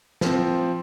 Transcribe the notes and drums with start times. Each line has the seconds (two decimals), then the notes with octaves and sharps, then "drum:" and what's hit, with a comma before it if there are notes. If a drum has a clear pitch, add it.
0.21 F3 C4, drum: snare